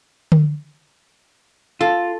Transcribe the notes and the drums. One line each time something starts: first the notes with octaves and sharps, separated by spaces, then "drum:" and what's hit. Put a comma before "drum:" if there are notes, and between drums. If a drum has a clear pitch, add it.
drum: tom D3
F4 A4